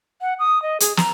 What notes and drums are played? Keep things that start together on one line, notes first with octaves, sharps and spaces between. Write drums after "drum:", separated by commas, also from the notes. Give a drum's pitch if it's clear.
F#5
D#6
D#5
G#4, drum: hi-hat
A#5, drum: snare